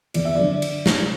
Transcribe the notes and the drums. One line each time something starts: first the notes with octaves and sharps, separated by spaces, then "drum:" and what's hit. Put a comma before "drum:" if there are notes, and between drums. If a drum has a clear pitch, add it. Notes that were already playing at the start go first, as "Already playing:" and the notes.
E2 D5, drum: cymbal
E5
D3 F#3 D5
drum: cymbal
drum: snare